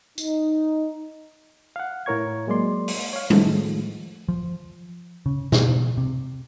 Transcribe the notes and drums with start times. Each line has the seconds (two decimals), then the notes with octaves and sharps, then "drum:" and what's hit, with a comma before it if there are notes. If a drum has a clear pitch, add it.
0.18 D#4, drum: tambourine
1.76 F5 F#5
2.06 A2 E4 A#4 C#5 C#6 G#6
2.47 F#3 G#3 A#3 D5 C6
2.88 drum: open hi-hat
3.13 C#5 F5
3.30 A2 D#3 F3 G#3 A3, drum: tom G3
4.28 F3
5.26 C#3
5.52 B2, drum: snare
5.97 C3